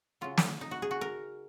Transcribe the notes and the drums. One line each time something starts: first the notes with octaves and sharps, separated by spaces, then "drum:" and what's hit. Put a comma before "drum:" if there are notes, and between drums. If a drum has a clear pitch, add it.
C#3 F#3 F4
drum: snare
D#4
F#4
G#4
F#4
A#4